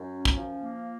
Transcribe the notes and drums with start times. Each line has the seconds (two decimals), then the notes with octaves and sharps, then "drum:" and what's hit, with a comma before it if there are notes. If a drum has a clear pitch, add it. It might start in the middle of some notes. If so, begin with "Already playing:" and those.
Already playing: F#2
0.14 C#4
0.25 drum: kick
0.37 F3
0.61 A#3